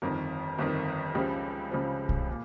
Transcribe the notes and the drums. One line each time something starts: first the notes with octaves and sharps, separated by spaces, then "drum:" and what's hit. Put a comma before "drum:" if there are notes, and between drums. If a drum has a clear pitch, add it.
G1 F2 D#3 A#4
G1 F2 D#3
C#2 C#3 F3 G4
C#2 C#3 F3
drum: kick
A#2